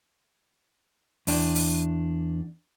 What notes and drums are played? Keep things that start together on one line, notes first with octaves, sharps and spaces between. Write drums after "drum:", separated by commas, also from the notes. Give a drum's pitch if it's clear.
E2 D4 G5, drum: open hi-hat
drum: open hi-hat